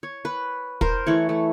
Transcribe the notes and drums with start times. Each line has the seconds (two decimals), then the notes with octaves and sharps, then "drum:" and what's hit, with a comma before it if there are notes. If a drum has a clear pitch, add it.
0.03 C#5
0.25 B4
0.81 A#4 C5, drum: kick
1.06 E3 A3 C#5
1.29 A3